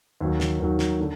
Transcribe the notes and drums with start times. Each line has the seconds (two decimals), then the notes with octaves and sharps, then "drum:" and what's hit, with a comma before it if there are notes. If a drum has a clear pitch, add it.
0.21 D#2 D#3 F#3
0.40 drum: snare
0.60 D#2 D#3 F#3
0.79 drum: snare
1.00 D3